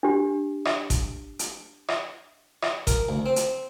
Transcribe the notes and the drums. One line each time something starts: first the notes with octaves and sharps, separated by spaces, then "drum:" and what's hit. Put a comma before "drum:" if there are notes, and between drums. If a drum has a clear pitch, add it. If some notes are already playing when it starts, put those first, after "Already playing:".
D4 G4
drum: rim click
drum: kick G1, hi-hat
drum: hi-hat
drum: rim click
drum: rim click
A#4, drum: kick G1, hi-hat
D2
C4
drum: hi-hat